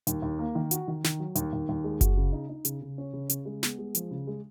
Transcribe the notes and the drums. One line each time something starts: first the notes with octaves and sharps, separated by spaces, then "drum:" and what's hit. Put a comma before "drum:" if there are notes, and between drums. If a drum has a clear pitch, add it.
D#2, drum: hi-hat
D#2
A#3
D#3
F#4, drum: hi-hat
D#3
D#3, drum: snare
F#3
D#2, drum: hi-hat
D#2
D#2
G#3
F#4, drum: kick F#1, hi-hat
C#3
D#4
D#4
C#3, drum: hi-hat
C#3
C#4
C#3
C#3, drum: hi-hat
G#3
B3, drum: snare
G#3
F3, drum: hi-hat
C#3
G#3